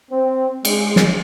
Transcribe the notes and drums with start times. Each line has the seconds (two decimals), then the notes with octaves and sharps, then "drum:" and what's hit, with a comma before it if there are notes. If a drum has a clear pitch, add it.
0.11 C4
0.65 G#3, drum: cymbal
0.96 drum: snare